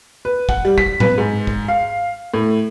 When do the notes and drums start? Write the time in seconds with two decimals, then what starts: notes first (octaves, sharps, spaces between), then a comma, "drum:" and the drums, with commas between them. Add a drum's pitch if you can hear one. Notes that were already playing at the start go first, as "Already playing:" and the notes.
0.25 B4
0.49 F#5, drum: kick
0.65 G3
0.78 B6, drum: kick
1.00 B4, drum: tom A2
1.18 G#2
1.47 drum: kick
1.68 F5
2.34 A2